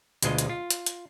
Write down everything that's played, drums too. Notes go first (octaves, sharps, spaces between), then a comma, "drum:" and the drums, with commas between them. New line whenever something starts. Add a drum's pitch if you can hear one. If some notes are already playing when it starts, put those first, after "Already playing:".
D2 B2 G#3 F4 D#5, drum: hi-hat
drum: hi-hat
F4
drum: hi-hat
drum: hi-hat